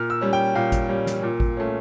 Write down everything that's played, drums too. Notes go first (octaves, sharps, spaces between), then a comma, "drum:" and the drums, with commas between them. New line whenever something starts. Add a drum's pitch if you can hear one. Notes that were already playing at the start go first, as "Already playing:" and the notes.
Already playing: A#2 F6
E6
G3 C#4
G5
A#2 F5
drum: kick G#1, hi-hat
G3 C#4
drum: snare
A#2
drum: kick G#1
A3 C#4